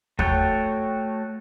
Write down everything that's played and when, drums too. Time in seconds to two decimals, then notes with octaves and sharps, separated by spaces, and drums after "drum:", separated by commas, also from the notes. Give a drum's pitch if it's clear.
0.19 A3 F#4 A4 C#5 G5, drum: kick